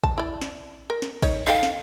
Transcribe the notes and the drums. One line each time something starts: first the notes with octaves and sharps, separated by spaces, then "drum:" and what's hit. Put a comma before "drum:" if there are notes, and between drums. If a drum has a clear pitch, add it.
A5, drum: kick
E4 D5
drum: snare
A#4
drum: snare
D#4 C#5, drum: kick, cymbal
D#4 A4 F5 G5
drum: snare